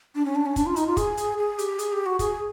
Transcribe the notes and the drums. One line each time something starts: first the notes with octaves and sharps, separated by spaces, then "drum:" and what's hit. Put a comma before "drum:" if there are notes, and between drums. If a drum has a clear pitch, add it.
D4
C#4
D4
C#4
D4, drum: kick, hi-hat
F4
D#4, drum: hi-hat
F4
G#4, drum: kick, hi-hat
drum: hi-hat
G#4
G4, drum: hi-hat
G#4, drum: hi-hat
G4
F#4
G#4, drum: kick, hi-hat